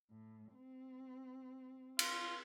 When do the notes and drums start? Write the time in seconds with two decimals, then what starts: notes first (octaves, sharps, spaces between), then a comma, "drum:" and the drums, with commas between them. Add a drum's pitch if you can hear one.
0.11 A2
0.55 C4
1.99 F4, drum: cymbal